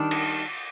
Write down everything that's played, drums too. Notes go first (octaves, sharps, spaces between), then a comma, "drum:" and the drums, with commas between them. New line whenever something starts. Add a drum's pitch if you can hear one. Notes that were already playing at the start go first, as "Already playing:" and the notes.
Already playing: D#3 G3 D4
drum: cymbal